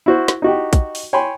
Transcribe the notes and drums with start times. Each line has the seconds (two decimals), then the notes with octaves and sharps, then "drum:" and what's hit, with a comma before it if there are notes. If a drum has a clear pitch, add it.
0.06 E4 F#4 C5
0.28 drum: snare
0.42 D#4 F#4 G4
0.73 drum: kick, hi-hat
0.95 drum: open hi-hat
1.13 C#5 G5 G#5 B5 C6